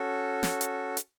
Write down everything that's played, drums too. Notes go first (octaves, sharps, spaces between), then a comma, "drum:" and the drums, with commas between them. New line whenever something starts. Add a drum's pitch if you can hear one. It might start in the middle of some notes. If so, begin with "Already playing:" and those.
Already playing: C#4 F#4 A4
drum: snare
drum: hi-hat
drum: hi-hat